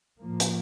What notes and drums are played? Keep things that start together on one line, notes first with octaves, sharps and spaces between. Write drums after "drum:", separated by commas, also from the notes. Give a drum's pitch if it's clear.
A2 F3 A#3
drum: hi-hat